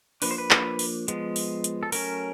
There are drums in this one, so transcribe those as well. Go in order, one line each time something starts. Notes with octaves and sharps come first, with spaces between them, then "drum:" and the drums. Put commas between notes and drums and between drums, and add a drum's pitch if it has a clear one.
F3 A#3 D4 B4, drum: open hi-hat
C5
B4
drum: clap
drum: open hi-hat
F3 G#3 B3, drum: hi-hat
drum: open hi-hat
drum: hi-hat
A4
F#3 A3 C#4 A#4, drum: open hi-hat